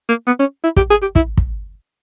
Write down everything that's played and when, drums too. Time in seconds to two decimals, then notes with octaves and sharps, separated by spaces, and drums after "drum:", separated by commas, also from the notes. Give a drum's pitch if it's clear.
0.09 A#3
0.26 B3
0.39 C#4
0.64 E4
0.77 G4, drum: kick
0.90 G#4
1.02 G4
1.15 E4, drum: kick
1.37 drum: kick